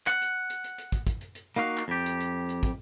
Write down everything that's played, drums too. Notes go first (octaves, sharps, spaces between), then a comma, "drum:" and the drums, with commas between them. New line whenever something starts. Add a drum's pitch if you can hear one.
F#5, drum: clap
drum: hi-hat
drum: hi-hat
drum: hi-hat
drum: hi-hat
drum: kick, hi-hat
drum: kick, hi-hat
drum: hi-hat
drum: hi-hat
A#3 D#4 F#4 F5
drum: clap
F2 G4
drum: hi-hat
drum: hi-hat
drum: hi-hat
drum: kick, hi-hat